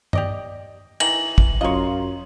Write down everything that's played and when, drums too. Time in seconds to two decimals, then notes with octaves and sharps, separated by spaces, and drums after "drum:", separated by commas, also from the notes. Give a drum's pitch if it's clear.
0.13 G4 D5 D#5, drum: tom G2
1.00 D#3 E3 A#6 F#7, drum: cymbal
1.38 drum: kick
1.61 F#2 F4 C#5 D#5 A#5 C6